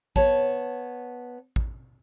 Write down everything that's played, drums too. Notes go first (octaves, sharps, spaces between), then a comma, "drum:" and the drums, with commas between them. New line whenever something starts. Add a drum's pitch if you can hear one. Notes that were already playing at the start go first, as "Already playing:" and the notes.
B3 C#5 A5, drum: kick
drum: kick